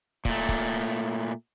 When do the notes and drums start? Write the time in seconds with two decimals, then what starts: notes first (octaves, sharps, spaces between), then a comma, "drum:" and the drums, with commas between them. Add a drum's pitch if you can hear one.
0.25 A#2 A3, drum: kick
0.49 drum: kick